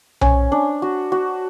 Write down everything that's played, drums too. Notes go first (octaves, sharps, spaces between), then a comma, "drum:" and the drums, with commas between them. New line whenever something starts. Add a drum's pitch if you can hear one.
C#4, drum: tom B1
D4
F#4
F#4